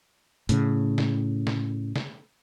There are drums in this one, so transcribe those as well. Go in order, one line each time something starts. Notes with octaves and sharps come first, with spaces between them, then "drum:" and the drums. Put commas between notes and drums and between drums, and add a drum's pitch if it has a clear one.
A2 C#3, drum: hi-hat
drum: snare
drum: snare
drum: snare